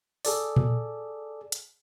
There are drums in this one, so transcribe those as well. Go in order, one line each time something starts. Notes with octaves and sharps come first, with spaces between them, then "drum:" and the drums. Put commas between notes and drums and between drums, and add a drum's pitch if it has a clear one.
G#4 A4 D5, drum: open hi-hat
drum: tom A#2
drum: hi-hat